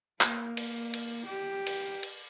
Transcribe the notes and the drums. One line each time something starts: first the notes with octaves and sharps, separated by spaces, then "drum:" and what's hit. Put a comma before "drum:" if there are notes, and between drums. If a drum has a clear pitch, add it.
A#3, drum: clap
drum: cymbal
drum: cymbal
G4
drum: cymbal
drum: cymbal